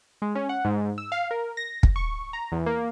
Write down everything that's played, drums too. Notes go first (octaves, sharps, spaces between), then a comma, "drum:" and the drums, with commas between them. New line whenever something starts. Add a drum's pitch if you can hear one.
G#3
C#4
F#5
G#2
E6
F5
A#4
A#6
drum: kick
C#6
A#5
E2
A#3